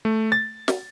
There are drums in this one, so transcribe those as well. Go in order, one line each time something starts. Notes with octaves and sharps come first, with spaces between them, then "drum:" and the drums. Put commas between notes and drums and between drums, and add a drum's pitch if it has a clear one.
A3
A6
drum: snare